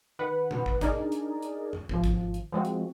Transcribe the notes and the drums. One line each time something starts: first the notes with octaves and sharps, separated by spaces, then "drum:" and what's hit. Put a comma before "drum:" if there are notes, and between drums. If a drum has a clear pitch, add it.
D#3 B4 F#5
drum: tom A#2
drum: kick
D4 D#4 G#4 A#4 D5, drum: kick, hi-hat
drum: hi-hat
drum: hi-hat
drum: tom F2
G#1 F3, drum: kick
drum: kick, hi-hat
drum: hi-hat
F3 G#3 C4 F#4
drum: hi-hat